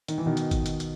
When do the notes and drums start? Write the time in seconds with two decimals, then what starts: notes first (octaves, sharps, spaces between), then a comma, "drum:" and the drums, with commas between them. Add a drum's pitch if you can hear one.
0.08 D#3, drum: hi-hat
0.18 E3
0.26 B2 D#3
0.37 drum: hi-hat
0.51 drum: kick G#1, hi-hat
0.66 drum: hi-hat
0.80 drum: hi-hat